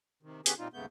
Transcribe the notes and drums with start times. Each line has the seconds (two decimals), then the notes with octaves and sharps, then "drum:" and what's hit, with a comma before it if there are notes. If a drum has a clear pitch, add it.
0.23 C3 D#3
0.46 D3 B3 C#4 G4 G#4 B4, drum: hi-hat
0.58 A#2 G3 C4 D#4 F4
0.73 D#2 G#2 C#3 A3 B3 G6